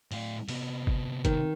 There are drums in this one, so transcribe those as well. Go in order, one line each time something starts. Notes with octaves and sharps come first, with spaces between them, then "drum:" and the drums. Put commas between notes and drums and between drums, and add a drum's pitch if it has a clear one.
A2 F5, drum: open hi-hat
C3 B3, drum: open hi-hat
drum: kick G1
D#3, drum: kick G1, hi-hat